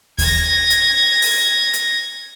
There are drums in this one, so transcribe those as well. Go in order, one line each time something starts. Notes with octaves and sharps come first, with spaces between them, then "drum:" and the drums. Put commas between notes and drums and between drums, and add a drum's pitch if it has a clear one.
G#6 A#6, drum: kick D#2, open hi-hat
drum: hi-hat
drum: open hi-hat
drum: hi-hat